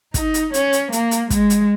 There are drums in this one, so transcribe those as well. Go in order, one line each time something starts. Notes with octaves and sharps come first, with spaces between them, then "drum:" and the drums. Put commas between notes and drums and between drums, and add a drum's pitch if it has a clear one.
D#4, drum: kick, hi-hat
drum: hi-hat
C#4, drum: hi-hat
drum: hi-hat
A#3, drum: hi-hat
drum: hi-hat
G#3, drum: kick, hi-hat
drum: hi-hat